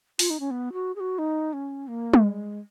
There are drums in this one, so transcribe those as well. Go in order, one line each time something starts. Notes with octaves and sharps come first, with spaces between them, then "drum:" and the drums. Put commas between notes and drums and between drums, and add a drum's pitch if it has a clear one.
F4, drum: open hi-hat
D#4
C#4
B3
F#4
G#4
F#4
D#4
C#4
A#3
drum: tom
G#3